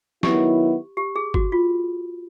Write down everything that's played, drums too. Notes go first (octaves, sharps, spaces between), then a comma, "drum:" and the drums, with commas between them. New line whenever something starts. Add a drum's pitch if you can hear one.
D#3 F#3 B3 E4 G4, drum: snare
G4
G#4
F#4, drum: kick G1
F4